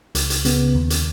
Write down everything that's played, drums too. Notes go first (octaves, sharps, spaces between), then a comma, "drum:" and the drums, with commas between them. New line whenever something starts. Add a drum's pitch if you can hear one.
C#2, drum: hi-hat
drum: hi-hat
C#3 B3, drum: hi-hat
D#2
drum: hi-hat